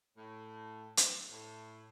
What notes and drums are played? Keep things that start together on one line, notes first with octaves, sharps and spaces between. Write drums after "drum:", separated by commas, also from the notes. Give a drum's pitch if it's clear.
A2
drum: hi-hat
A2